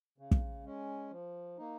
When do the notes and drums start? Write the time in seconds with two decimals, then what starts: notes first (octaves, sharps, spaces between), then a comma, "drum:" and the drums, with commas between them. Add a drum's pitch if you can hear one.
0.18 C#3
0.31 drum: kick
0.64 G#3 C#4
1.11 F3
1.58 A#3 D#4